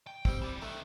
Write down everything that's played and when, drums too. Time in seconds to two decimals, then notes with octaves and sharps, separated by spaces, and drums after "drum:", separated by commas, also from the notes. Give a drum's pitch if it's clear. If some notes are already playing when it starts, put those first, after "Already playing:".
0.07 G5
0.25 G3 C4, drum: kick
0.42 E3 D5
0.62 C3 D#3 A3 D4